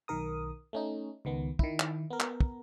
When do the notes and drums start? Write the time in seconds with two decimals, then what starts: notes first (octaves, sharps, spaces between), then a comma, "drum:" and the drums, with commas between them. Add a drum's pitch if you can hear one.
0.08 B1 D#3 A#4 D#6
0.73 A3 C#4 D#4
1.25 C#2 D#3 B3
1.59 D#3 E4, drum: kick
1.80 drum: clap
2.10 B3 A#4
2.20 drum: clap
2.40 drum: kick